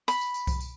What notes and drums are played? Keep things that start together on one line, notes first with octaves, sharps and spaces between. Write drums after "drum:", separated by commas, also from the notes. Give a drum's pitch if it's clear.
B5, drum: tambourine
drum: tambourine
drum: tambourine
drum: kick C2, tambourine
drum: tambourine